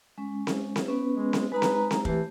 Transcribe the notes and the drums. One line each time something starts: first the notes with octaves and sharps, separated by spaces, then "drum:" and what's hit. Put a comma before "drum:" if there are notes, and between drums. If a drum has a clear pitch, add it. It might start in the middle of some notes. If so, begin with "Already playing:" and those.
G#3 C#4
drum: snare C4
drum: snare C4
B3 C#4 B4
G#3
drum: snare C4
G#3 D#4 B4 A#5
drum: snare C4
drum: snare C4
E3 A3 G4, drum: kick